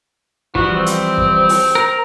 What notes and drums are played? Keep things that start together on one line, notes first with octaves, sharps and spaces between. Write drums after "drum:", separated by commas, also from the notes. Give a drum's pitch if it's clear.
E3 F3 G3 F#4, drum: kick
C4
drum: hi-hat
drum: kick
drum: open hi-hat
A#4 A#5